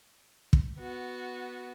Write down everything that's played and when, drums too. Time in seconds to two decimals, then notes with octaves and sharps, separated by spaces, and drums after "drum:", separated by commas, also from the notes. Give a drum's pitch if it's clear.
0.53 drum: kick
0.79 B3 F#4